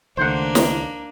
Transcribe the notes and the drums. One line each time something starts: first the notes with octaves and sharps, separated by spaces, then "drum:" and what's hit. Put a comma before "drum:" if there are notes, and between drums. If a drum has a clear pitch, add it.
C#2 D#3 A3 A#3 D4 C5 F#5
drum: snare